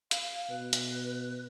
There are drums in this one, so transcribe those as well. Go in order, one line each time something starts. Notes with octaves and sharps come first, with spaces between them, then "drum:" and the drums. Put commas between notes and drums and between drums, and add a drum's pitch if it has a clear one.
F5, drum: hi-hat
B2 B4
drum: hi-hat